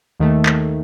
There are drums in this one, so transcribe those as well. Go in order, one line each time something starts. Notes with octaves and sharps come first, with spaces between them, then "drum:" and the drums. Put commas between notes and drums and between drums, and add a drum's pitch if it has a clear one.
D#2 D#3 A3
drum: clap